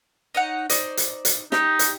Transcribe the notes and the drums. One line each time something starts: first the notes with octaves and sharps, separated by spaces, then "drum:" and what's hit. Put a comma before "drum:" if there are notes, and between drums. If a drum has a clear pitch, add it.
D#4 C#5 F#5
D#4 C5 D5, drum: hi-hat
drum: hi-hat
drum: hi-hat
D#4 G4, drum: snare
drum: hi-hat